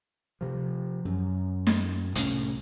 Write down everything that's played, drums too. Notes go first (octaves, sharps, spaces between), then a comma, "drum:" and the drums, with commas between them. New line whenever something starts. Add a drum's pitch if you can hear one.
C3 F3
F#2
drum: snare
C2 A2 C#4, drum: hi-hat